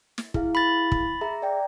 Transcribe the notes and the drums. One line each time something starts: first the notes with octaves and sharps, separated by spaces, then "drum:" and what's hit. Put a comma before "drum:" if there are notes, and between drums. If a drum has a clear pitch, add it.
drum: snare
E4 G#4 F5, drum: kick
B5 A6
drum: kick
G#4 E5 A#5
D5 G5 A#5